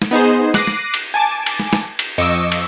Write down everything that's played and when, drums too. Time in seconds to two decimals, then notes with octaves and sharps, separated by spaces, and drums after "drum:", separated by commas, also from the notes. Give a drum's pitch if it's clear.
0.02 drum: snare
0.11 B3 D#4 G#4 C5
0.54 D6 F#6 A#6 C7 D#7, drum: snare
0.67 drum: snare
0.94 drum: cymbal
1.14 G#5 A5 D6
1.46 drum: cymbal
1.60 drum: snare
1.73 drum: snare
1.99 drum: cymbal
2.18 F2 D#5 C#6 D6 E6
2.52 drum: cymbal